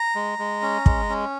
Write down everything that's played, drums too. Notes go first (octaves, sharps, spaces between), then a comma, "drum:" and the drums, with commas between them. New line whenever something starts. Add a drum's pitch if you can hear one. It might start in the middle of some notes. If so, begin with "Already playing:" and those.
Already playing: A#5
G#3
G#3
C#4
G#3, drum: kick
C#4